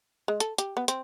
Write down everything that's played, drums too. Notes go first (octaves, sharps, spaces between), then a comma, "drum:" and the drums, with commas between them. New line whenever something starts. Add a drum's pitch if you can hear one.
G#3
A4, drum: hi-hat
G4, drum: hi-hat
B3
C4, drum: hi-hat